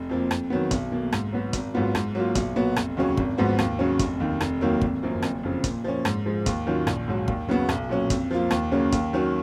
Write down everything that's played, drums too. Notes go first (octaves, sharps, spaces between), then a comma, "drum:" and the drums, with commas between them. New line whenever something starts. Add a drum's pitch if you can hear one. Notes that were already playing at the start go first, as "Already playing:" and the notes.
Already playing: F1
F2 F3 A#3
F2, drum: rim click
D#3 F#3 B3
B1, drum: kick, hi-hat
B2 A#3
G#2, drum: rim click
F#3 B3 F#4
G#1, drum: kick, hi-hat
G#2 F#3 B3 F4
G#2, drum: rim click
F#3 A#3 F4
B1, drum: kick, hi-hat
A#2 F#3 B3 F#4
F1, drum: rim click
D#2 C#3 F#3 C#4
G#1, drum: kick
G#2 F3 B3 F#4
D#2, drum: rim click
C#3 F#3 C#4
F1, drum: kick, hi-hat
D#2 D#3
F1, drum: rim click
D#2 D#3 F#3 A#3
G#1, drum: kick
F#2 F3 A#3
F#1, drum: rim click
F2 C#3 F3
A#2, drum: kick, hi-hat
F3 A#3 C#4
G#2, drum: rim click
F3 G#3
D#2, drum: kick, hi-hat
D#3 F#3 C#4 F4
A#1, drum: rim click
G#2 F#3
D#2, drum: kick
C#3 F#3 B3 F#4
B1, drum: rim click
A#2 F#3 C#4
F2, drum: kick, hi-hat
F3 A#3 F4
D#2, drum: rim click
C#3 F#3 A#3 C#4
D#2, drum: kick, hi-hat
D#3 F#3 C#4